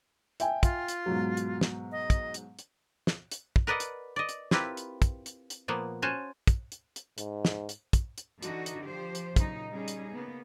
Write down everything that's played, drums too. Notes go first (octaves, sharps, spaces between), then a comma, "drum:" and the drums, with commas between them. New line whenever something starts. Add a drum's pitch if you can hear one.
E5 G5 G#5, drum: hi-hat
F4, drum: kick, hi-hat
drum: hi-hat
G#2 B2 F#3
drum: hi-hat
drum: snare
D#5
drum: kick, hi-hat
drum: hi-hat
drum: hi-hat
drum: snare
drum: hi-hat
drum: kick
A#4 B4 D5 D#5 F#5
drum: hi-hat
D5 D#5
drum: hi-hat
C4 E4 F4 G4 A#4 B4, drum: snare
drum: hi-hat
drum: kick, hi-hat
drum: hi-hat
drum: hi-hat
A#2 F3 A#3 B3
C#4 F#4 C5 G#5 A5
drum: kick, hi-hat
drum: hi-hat
drum: hi-hat
G#2, drum: hi-hat
drum: snare
drum: hi-hat
drum: kick, hi-hat
drum: hi-hat
D3 E3 D4 D#4 F#4, drum: hi-hat
drum: hi-hat
F3 G4 C5
drum: hi-hat
A#2 C#3 F#3 D#4, drum: kick, hi-hat
G3 C#4 D#4 G#4
drum: hi-hat
C#3 A#3 B3